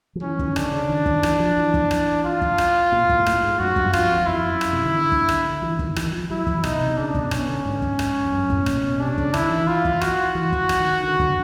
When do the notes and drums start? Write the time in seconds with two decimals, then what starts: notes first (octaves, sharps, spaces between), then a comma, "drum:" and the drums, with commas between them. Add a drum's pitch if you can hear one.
0.15 F3
0.22 E3 C#4
0.39 D#3, drum: kick
0.56 D3 D4, drum: rim click
0.72 C#3
0.89 D#3
1.06 D#3, drum: kick
1.23 E3, drum: rim click
1.40 F3
1.58 E3
1.74 drum: kick
1.91 drum: rim click
2.25 F4
2.41 drum: kick
2.58 drum: rim click
2.92 A#2
3.09 A2, drum: kick
3.26 A2, drum: rim click
3.43 G#2
3.59 F#2 F#4
3.76 G2, drum: kick
3.93 F2 F4, drum: rim click
4.11 F2
4.21 E2
4.27 F2 E4
4.50 F#2
4.61 drum: rim click
4.72 C3
4.85 D#3
4.95 D3
5.12 drum: kick
5.29 drum: rim click
5.62 E3
5.79 D#3, drum: kick
5.96 E3, drum: rim click
6.12 F3
6.30 F#3 E4
6.47 E3, drum: kick
6.64 B2 D#4, drum: rim click
6.81 C3
6.97 C#3 D4
7.14 B2, drum: kick
7.31 B2 C#4, drum: rim click
7.48 D3
7.65 G#2
7.82 drum: kick
7.99 drum: rim click
8.25 F2
8.32 F#2
8.50 A2, drum: kick
8.66 A#2, drum: rim click
8.83 B2
9.00 C3 D4
9.18 C#3, drum: kick
9.34 D#3 E4, drum: rim click
9.51 E3
9.68 F4
9.85 drum: kick
10.01 F#4, drum: rim click
10.35 E3
10.52 drum: kick
10.69 drum: rim click
10.80 D#3
11.03 D3
11.20 D3, drum: kick